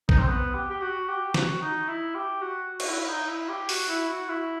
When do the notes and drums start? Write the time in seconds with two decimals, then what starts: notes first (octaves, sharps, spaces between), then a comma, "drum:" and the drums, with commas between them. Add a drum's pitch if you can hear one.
0.09 D#4, drum: kick A#1
0.19 C4
0.27 B3
0.55 G4
0.70 G4
0.82 F#4
1.08 G4
1.34 F#4, drum: snare
1.62 D#4
1.88 E4
2.15 G4
2.41 F#4
2.80 F#4, drum: cymbal
2.89 E4
3.09 D#4
3.28 E4
3.49 G4
3.69 F#4, drum: open hi-hat
3.89 E4
4.08 F#4
4.29 E4